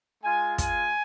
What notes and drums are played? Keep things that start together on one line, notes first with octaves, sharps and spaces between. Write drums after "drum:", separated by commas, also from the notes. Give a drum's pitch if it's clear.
G#3 F4 G#5
G#5, drum: kick, hi-hat